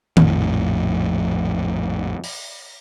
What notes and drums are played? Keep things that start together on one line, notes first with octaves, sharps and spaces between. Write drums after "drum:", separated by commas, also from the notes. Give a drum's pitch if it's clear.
A#1 F2 A2, drum: tom D#3
drum: open hi-hat